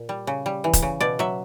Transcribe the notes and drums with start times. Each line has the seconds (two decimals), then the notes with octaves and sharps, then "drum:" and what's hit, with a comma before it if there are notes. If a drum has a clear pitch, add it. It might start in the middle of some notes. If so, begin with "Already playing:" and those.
Already playing: A#2
0.09 G3
0.27 C#3
0.46 G3
0.64 E3
0.73 drum: kick E1, hi-hat
0.82 C#3
1.01 B2 D5
1.19 F#3 E5